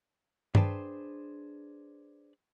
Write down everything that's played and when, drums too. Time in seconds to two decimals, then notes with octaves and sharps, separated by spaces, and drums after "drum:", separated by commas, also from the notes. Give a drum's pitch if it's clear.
0.55 D4 G#4 B4 C5 G5 A5, drum: tom G2